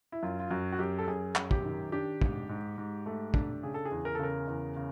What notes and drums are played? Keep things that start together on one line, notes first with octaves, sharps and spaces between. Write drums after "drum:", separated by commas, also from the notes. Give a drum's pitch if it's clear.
E4
F#2 F4
F4
F#2 F#4
F#4
F#2 G4
A4
F#2 G#4
F#2, drum: clap
G4, drum: kick
D#3
D4 G4
G#2, drum: kick
G#2
G#2
A3
D4, drum: kick
C#3 G#4
A4
G#4
E2
A#4
A4
C#3 A#4
E2
C#3